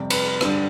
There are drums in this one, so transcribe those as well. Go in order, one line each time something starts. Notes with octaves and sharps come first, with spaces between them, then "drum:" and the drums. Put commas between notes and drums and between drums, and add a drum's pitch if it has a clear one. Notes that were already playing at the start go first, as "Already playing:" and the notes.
Already playing: F2 C3 G3
B4, drum: cymbal
G2 D3 G3, drum: rim click